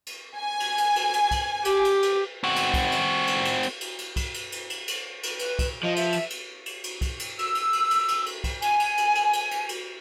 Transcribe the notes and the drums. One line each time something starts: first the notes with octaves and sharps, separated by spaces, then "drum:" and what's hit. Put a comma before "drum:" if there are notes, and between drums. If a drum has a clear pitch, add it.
drum: cymbal
G#5
drum: cymbal
drum: cymbal
drum: cymbal
drum: cymbal
drum: kick, cymbal
G4, drum: cymbal
drum: cymbal
drum: cymbal
C4 F#4
drum: cymbal
drum: kick, cymbal
drum: cymbal
drum: cymbal
drum: cymbal
drum: cymbal
drum: cymbal
drum: cymbal
drum: kick, cymbal
drum: cymbal
drum: cymbal
drum: cymbal
drum: cymbal
drum: cymbal
B4, drum: cymbal
drum: kick, cymbal
F3 D#5
E5, drum: cymbal
drum: cymbal
drum: cymbal
drum: cymbal
drum: cymbal
drum: kick, cymbal
drum: cymbal
E6, drum: cymbal
drum: cymbal
drum: cymbal
drum: cymbal
drum: cymbal
drum: cymbal
drum: kick, cymbal
G#5, drum: cymbal
drum: cymbal
drum: cymbal
drum: cymbal
drum: cymbal
drum: cymbal
drum: cymbal